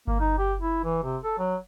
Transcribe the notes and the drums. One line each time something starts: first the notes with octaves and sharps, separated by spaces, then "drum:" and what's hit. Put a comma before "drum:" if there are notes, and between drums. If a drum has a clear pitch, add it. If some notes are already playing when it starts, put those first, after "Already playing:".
A#3, drum: kick G1
D#4
G4
E4
E3
C3
A4
F#3